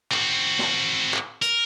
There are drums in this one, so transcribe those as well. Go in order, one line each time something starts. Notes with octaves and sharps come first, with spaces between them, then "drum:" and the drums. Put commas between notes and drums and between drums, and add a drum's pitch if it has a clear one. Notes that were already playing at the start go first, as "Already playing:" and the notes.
C4 F#4, drum: clap
drum: snare
drum: clap
A#4, drum: hi-hat